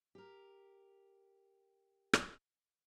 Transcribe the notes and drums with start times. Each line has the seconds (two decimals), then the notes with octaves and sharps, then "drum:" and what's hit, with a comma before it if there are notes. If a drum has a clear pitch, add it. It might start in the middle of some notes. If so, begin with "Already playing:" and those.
0.15 G4 A#4
2.13 drum: rim click